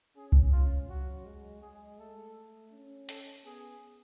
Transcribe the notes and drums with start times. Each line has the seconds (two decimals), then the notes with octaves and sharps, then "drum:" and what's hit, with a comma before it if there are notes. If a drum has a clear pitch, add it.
0.16 C#4 G#4
0.32 drum: kick C2
0.52 C#4 F4
0.90 F#3 F#4
1.25 G#3
1.62 G#3 G#4
1.98 A3 A4
2.72 C#4
3.09 A4, drum: hi-hat
3.45 B3 G#4